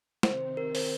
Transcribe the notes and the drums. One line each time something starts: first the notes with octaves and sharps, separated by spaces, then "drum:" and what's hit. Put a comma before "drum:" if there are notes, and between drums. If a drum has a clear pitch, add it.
C3 D#3 C4 C5, drum: snare
A#4
C5, drum: open hi-hat